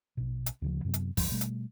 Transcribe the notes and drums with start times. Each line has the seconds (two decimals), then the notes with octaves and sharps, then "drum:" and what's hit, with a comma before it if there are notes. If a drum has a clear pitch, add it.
0.17 A#1 B2
0.46 drum: hi-hat
0.62 D2 C#3 F3
0.84 F#2 C3 F#3 B3
0.94 drum: hi-hat
1.17 D1 G2 F3, drum: kick, open hi-hat
1.31 B2 G3 A3
1.41 drum: hi-hat